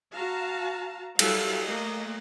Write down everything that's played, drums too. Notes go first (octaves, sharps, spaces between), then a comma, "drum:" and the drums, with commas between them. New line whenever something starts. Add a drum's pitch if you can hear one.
F#4 F5 A5 A#5
F#3 G3 E4 A4 F5, drum: cymbal
A3 A#3 D#5